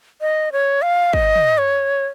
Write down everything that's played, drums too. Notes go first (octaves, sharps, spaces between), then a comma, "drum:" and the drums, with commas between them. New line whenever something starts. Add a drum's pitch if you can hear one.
D#5
C#5
F5
D#5, drum: kick
drum: tom
C#5